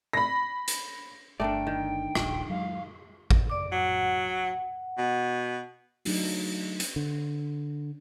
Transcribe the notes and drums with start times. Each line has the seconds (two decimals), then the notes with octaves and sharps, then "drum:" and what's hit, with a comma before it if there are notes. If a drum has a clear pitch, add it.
0.13 B5 A#6
0.68 drum: hi-hat
1.40 G1 A3 D4 A4 A#4 D5 G5
1.67 D#3
2.15 D#1 A#1, drum: rim click
2.50 F#3 G#3 F5
3.31 drum: kick A1
3.50 D5 D6
3.72 F#3 F#5
4.98 B2
6.05 F#3 A3 D4 D#4 F#4, drum: open hi-hat
6.80 drum: hi-hat
6.96 D3